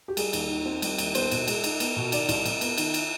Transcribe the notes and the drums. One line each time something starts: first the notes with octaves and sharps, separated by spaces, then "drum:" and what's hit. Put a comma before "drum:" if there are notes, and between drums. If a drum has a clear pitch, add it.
G4
G3 G#4, drum: cymbal
D#2, drum: cymbal
D#3
C4
G3, drum: cymbal
D#2, drum: cymbal
B3 C5, drum: cymbal
B2, drum: cymbal
G#3, drum: cymbal
D#4, drum: cymbal
B3, drum: cymbal
B2
D#3 D5, drum: cymbal
C2, drum: cymbal
C3, drum: cymbal
B3, drum: cymbal
D#3, drum: cymbal
drum: cymbal